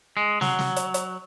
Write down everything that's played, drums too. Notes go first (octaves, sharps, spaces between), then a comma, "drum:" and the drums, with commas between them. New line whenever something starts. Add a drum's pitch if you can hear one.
G#3
F#3, drum: snare
drum: snare
drum: hi-hat
drum: hi-hat